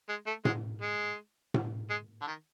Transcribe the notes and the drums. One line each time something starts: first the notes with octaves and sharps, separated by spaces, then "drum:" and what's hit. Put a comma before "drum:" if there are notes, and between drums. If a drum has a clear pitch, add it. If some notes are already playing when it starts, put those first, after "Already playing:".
G#3
A3
G#3, drum: tom A2
G#3
drum: tom A2
G#3
D3
D#3